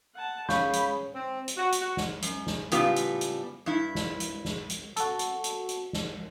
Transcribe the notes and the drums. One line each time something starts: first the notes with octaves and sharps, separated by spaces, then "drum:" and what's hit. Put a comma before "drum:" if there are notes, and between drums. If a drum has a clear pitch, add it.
F#5 A5
C#4 G#4 F5 B5 C#6 G6, drum: snare
drum: hi-hat
C4
drum: hi-hat
F#4
drum: hi-hat
F#4
drum: snare
F#2, drum: hi-hat
drum: snare
A2 C#3 G3 B3 F4, drum: hi-hat
drum: hi-hat
drum: hi-hat
G2 E4
drum: snare
drum: hi-hat
drum: snare
drum: hi-hat
F#4 A4, drum: hi-hat
drum: hi-hat
drum: hi-hat
drum: hi-hat
drum: snare